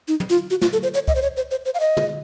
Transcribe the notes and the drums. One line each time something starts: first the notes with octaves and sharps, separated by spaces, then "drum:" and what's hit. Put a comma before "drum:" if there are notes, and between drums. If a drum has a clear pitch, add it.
D#4
drum: tom
F4
F#4
F4, drum: snare
A4
C5
C#5
D#5, drum: kick
C5
C#5
C5
C5
C5
F5
D#5
drum: tom